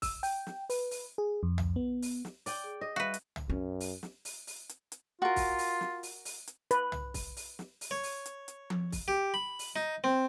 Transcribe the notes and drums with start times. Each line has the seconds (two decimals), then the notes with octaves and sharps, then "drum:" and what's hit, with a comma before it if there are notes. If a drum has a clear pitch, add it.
0.02 E6, drum: kick, open hi-hat
0.23 G5, drum: open hi-hat
0.47 drum: snare
0.70 B4, drum: open hi-hat
0.91 drum: open hi-hat
1.18 G#4
1.43 F2
1.58 drum: tom
1.76 B3
2.02 drum: open hi-hat
2.25 drum: snare
2.46 D5 G5, drum: open hi-hat
2.64 G#4
2.81 D#5
2.96 G3 F#4 B4 E5 F5
3.14 drum: hi-hat
3.36 drum: tom
3.50 F#2 C#4
3.80 drum: open hi-hat
4.03 drum: snare
4.25 drum: open hi-hat
4.47 drum: open hi-hat
4.69 drum: hi-hat
4.92 drum: hi-hat
5.22 F4 F#4 A#4
5.36 drum: kick, open hi-hat
5.58 drum: open hi-hat
5.81 drum: snare
6.03 drum: open hi-hat
6.25 drum: open hi-hat
6.48 drum: hi-hat
6.71 B4, drum: hi-hat
6.92 drum: tom
7.14 drum: kick, open hi-hat
7.37 drum: open hi-hat
7.59 drum: snare
7.81 drum: open hi-hat
7.91 C#5
8.03 drum: open hi-hat
8.26 drum: hi-hat
8.48 drum: hi-hat
8.70 drum: tom F3
8.92 drum: kick, open hi-hat
9.08 G4
9.34 B5
9.59 drum: open hi-hat
9.76 D#4
10.04 C4